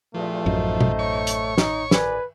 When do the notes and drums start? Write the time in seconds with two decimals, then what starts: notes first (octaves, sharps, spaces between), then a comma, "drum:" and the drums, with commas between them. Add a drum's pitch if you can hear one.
0.14 E2 G2 A#2 F3 A3
0.46 A1 F#2 D#4 C5
0.81 drum: tom B2
0.99 C#5 C#6
1.27 drum: hi-hat
1.58 D#4, drum: snare
1.91 C2 B4 D5 G#5, drum: snare